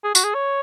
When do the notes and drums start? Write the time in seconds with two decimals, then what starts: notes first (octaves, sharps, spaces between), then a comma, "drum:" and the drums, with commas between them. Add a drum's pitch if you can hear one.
0.04 G#4
0.15 F#4, drum: tambourine
0.24 G#4
0.34 C#5